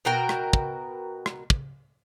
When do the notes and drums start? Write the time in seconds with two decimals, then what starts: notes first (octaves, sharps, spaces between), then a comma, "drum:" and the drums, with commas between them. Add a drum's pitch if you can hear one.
0.05 B2 F#4 A#4 G5
0.29 drum: rim click
0.53 drum: kick
1.26 drum: rim click
1.50 drum: kick